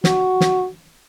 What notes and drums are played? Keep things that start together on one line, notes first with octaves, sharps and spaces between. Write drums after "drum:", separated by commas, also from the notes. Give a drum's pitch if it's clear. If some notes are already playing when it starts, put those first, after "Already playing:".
F#4, drum: snare
drum: snare